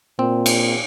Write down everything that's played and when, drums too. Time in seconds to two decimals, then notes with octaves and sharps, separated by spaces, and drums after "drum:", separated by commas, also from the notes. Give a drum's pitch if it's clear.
0.19 A#2 C4
0.46 drum: cymbal